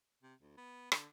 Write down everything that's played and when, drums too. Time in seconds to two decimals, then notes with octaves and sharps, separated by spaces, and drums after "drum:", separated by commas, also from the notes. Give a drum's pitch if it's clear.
0.23 C3
0.41 D2
0.57 B3
0.92 D3, drum: rim click